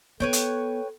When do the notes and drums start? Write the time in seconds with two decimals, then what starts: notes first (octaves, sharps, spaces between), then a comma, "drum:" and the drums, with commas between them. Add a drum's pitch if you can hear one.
0.20 B3 A4 B4 C#5 G5
0.33 drum: hi-hat